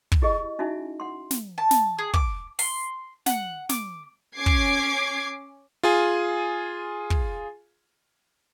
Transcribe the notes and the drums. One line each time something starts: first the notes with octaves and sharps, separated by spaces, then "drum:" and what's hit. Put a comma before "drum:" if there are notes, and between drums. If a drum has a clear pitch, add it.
drum: kick
E4 G4 G#4 D#5
C#4 D#4 E4 F#4 E5 G#5
F#5 C6
drum: snare
A5
drum: snare
G#4
D6, drum: kick
C6, drum: open hi-hat
F#5, drum: snare
D6, drum: snare
C#4 D6 G#6 C7
drum: kick
F4 G#4 G#5
drum: kick